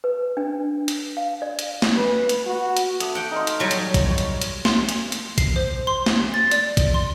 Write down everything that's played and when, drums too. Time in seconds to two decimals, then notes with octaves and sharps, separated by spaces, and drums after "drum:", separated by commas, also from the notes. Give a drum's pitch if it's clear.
0.04 B4
0.37 D4
0.88 drum: hi-hat
1.17 F5
1.42 D5
1.59 drum: hi-hat
1.82 drum: snare
1.97 B4
2.29 drum: hi-hat
2.46 F#4
2.77 drum: hi-hat
3.00 A3 D6 D#6, drum: hi-hat
3.15 F#5 G5
3.31 D#4 F5 C6
3.47 drum: hi-hat
3.60 F#3 G3
3.71 drum: hi-hat
3.94 drum: kick, hi-hat
4.06 C#5 C#6
4.18 drum: hi-hat
4.41 drum: hi-hat
4.65 C6, drum: snare
4.89 drum: hi-hat
5.12 drum: hi-hat
5.38 C7, drum: kick, hi-hat
5.56 C5
5.87 C6
6.06 drum: snare
6.34 A6
6.51 D5, drum: hi-hat
6.77 drum: kick, hi-hat
6.94 C6